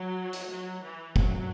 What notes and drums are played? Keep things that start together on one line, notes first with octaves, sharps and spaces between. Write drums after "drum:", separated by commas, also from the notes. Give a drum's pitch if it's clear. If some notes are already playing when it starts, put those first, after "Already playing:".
Already playing: F#3
drum: hi-hat
F#3
E3
F#3, drum: kick